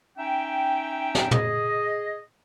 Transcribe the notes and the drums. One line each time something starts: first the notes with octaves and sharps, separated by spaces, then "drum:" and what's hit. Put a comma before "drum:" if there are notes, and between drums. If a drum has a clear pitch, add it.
C#4 D#4 E5 G5
drum: snare
G#4 D#5, drum: tom